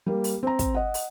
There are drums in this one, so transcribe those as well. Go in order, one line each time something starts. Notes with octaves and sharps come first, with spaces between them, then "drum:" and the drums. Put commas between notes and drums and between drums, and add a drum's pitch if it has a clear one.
G3 A#3
drum: open hi-hat
C4 A#5
drum: kick, hi-hat
D#5 F#5
drum: open hi-hat